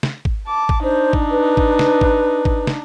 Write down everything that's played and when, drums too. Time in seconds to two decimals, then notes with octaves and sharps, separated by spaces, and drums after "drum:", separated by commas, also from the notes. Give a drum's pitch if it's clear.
0.03 drum: snare
0.25 drum: kick
0.47 A5 D6
0.69 drum: kick
0.83 D4 D#4 C5
1.13 drum: kick
1.31 B4
1.57 drum: kick
1.79 drum: snare
2.01 drum: kick
2.45 drum: kick
2.67 drum: snare